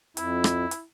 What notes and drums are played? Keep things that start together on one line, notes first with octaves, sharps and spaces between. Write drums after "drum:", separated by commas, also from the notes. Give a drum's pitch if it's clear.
F2 E4, drum: hi-hat
drum: rim click
drum: hi-hat